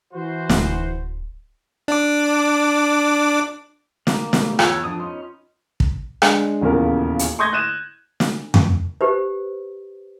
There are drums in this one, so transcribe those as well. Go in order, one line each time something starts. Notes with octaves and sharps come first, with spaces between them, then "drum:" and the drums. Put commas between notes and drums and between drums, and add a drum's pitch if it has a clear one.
E3 F#4 C5
D1, drum: snare
D4 D6
A#3, drum: snare
B2 G3 A3, drum: snare
E2 F4 F#4 A4 C#5, drum: rim click
F2 D4 D#6
B3 C#4 D#4 C6
drum: kick
G#3 D4, drum: rim click
D#1 E2 C#3 F4 A#4
drum: hi-hat
C6 C#6 D#6 G6 G#6 A#6
F#6 A#6 D#7 E7
drum: snare
drum: tom F2
G4 B4 C5